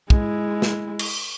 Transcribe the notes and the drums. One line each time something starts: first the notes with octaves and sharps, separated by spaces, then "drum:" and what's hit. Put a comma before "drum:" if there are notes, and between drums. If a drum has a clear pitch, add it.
G#3 E4, drum: kick
drum: snare
drum: cymbal